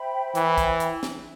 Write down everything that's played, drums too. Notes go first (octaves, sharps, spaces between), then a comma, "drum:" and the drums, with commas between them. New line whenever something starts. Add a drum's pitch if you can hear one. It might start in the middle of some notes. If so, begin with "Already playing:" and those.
Already playing: C5 E5 G5 B5
E3, drum: hi-hat
drum: kick, hi-hat
drum: hi-hat
drum: snare